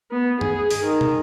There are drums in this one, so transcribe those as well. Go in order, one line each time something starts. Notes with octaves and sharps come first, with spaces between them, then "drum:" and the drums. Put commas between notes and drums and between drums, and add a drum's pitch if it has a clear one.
B3
G#4, drum: tom
drum: open hi-hat
D#3
drum: tom